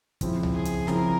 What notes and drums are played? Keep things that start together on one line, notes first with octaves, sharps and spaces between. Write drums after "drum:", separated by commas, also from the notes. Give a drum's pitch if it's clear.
C#3 F3 C4 E4, drum: kick, hi-hat
drum: tom C2
G#4
drum: hi-hat
C#3 F3 C4 E4 A#4, drum: snare